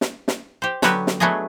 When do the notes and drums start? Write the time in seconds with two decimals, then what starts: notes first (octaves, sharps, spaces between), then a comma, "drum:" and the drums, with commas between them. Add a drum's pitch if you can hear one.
0.01 drum: snare
0.28 drum: snare
0.62 G4 C5
0.82 D3 F#3 B3 F#4 G4 B4, drum: snare
1.07 drum: snare
1.20 F#3 A3 B3 D4 G#4 D#5